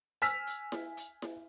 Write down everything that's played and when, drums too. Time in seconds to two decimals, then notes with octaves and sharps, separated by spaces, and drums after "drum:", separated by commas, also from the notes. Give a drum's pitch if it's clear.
0.22 G#5 E6 F6 B6, drum: hi-hat
0.47 drum: hi-hat
0.72 drum: snare E4
0.97 drum: hi-hat
1.22 drum: snare E4